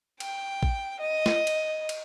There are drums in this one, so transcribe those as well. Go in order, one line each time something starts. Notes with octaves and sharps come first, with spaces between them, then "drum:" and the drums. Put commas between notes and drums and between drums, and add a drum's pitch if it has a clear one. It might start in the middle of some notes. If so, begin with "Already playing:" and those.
G5, drum: cymbal
drum: kick
D#5
drum: snare
drum: cymbal
drum: cymbal